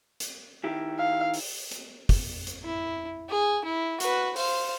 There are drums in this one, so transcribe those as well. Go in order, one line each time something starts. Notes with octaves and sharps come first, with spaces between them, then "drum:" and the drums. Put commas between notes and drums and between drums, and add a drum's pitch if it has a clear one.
drum: hi-hat
D#3 E4 G4
F5
drum: open hi-hat
drum: hi-hat
drum: kick, open hi-hat
drum: hi-hat
E4
G#4
E4
F#4 B4, drum: hi-hat
C5 F5, drum: open hi-hat